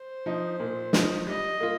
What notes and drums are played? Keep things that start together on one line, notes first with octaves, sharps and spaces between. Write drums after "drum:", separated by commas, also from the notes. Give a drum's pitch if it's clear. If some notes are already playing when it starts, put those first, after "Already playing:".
Already playing: C5
F3 D#4
A#2
F3 D#4, drum: snare
G3 D#5
A#3 F4